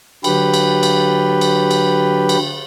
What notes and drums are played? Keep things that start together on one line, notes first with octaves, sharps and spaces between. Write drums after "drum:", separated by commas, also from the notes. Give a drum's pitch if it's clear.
D3 F#3 G4 B4, drum: cymbal
drum: cymbal
drum: cymbal
drum: cymbal
drum: cymbal
drum: cymbal